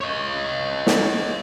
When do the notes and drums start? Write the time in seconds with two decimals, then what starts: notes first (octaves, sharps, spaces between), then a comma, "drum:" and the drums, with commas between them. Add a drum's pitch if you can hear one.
0.01 C#5 D#5
0.87 drum: snare